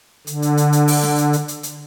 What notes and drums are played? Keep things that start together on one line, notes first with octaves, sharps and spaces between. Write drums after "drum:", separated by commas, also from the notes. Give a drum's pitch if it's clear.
D3, drum: hi-hat
drum: hi-hat
drum: hi-hat
drum: hi-hat
drum: open hi-hat
drum: snare
drum: hi-hat
drum: hi-hat
drum: hi-hat
drum: hi-hat